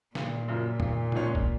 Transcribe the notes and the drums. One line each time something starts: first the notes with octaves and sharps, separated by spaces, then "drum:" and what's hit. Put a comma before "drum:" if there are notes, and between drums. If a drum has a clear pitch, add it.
G#1 A#2, drum: snare
F#2 C#3 F3 A#3
G#1, drum: tom E2
G#2 F3 G#3 C#4, drum: tom
drum: kick A1